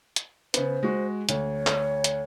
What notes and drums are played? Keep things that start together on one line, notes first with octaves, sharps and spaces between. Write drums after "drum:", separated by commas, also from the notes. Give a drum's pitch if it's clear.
drum: hi-hat
C#3 B3 C5, drum: hi-hat
G#3 F#4
D2 C#5, drum: hi-hat
drum: clap
drum: hi-hat